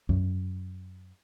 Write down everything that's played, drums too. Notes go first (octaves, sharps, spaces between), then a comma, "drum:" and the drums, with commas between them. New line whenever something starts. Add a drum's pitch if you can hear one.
F#2, drum: kick